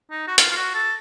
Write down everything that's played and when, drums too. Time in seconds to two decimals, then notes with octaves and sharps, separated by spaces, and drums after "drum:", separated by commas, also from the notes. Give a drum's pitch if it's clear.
0.11 D#4
0.27 F#4
0.38 F4, drum: hi-hat
0.51 F4
0.56 F#4
0.74 A4